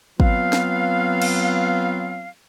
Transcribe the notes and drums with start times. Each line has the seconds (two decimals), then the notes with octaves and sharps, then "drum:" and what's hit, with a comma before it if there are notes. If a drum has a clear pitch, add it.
0.20 F#3 B3 C4 F4 B4 F5, drum: kick
0.53 drum: snare
1.22 drum: cymbal